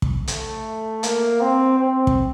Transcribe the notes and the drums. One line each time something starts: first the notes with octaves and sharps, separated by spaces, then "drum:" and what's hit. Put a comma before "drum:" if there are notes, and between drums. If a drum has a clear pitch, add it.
drum: kick
A3, drum: hi-hat
A#3, drum: hi-hat
C4
C4
drum: kick